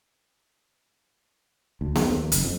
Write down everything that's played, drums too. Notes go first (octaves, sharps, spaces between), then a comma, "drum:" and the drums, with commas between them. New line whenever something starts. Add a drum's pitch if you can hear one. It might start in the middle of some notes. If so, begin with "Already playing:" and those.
D2
F2, drum: snare B3
D#2
F#1, drum: hi-hat
F2